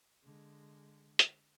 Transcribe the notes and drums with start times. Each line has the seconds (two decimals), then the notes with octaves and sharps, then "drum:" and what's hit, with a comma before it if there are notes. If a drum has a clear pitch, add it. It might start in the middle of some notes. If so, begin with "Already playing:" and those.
0.24 D3 G#3
1.19 drum: hi-hat